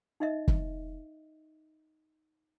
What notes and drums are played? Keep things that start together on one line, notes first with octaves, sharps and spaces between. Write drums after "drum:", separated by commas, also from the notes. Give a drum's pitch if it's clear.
D#4 D#5 E5
drum: kick